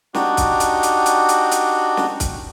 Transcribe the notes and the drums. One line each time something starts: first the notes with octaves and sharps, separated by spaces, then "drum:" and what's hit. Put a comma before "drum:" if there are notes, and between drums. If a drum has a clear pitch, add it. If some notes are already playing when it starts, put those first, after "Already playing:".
D4 D#4 F#4 G4, drum: snare
drum: kick C2, hi-hat
drum: hi-hat
drum: hi-hat
drum: hi-hat
drum: hi-hat
drum: hi-hat
drum: snare
drum: kick C2, hi-hat